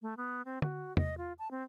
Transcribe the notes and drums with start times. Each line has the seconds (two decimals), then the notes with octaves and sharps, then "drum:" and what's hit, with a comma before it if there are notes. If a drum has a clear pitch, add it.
0.02 A3
0.17 B3
0.45 C4
0.62 F#4, drum: tom
0.97 D#5, drum: tom
1.18 F4
1.39 A5
1.51 C4